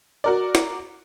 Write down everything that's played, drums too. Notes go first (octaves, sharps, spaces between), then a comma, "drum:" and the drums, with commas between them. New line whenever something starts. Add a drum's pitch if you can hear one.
F#4 A#4 D5
drum: snare